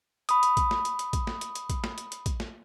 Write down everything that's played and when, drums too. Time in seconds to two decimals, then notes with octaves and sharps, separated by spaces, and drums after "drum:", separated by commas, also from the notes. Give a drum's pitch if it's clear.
0.29 B5 D#6, drum: hi-hat
0.43 drum: hi-hat
0.57 drum: kick, hi-hat
0.71 drum: snare
0.85 drum: hi-hat
0.99 drum: hi-hat
1.13 drum: kick, hi-hat
1.27 drum: snare
1.41 drum: hi-hat
1.55 drum: hi-hat
1.70 drum: kick, hi-hat
1.84 drum: snare
1.98 drum: hi-hat
2.12 drum: hi-hat
2.26 drum: kick, hi-hat
2.40 drum: snare